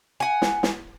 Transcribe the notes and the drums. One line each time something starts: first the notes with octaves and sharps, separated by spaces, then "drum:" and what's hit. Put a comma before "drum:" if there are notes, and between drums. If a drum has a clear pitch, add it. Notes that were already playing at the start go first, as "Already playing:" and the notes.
F#5 G#5
drum: snare
drum: snare